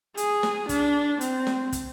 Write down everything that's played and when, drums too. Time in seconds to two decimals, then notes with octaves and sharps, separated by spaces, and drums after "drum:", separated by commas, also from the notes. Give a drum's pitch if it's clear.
0.17 G#4, drum: hi-hat
0.43 drum: snare
0.69 D4, drum: kick, hi-hat
1.21 C4, drum: hi-hat
1.47 drum: snare
1.72 drum: kick, hi-hat